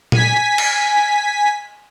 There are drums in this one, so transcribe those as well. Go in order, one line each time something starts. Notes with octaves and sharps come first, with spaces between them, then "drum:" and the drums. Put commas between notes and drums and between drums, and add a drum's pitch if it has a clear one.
G#5 B6, drum: tom A#2
drum: cymbal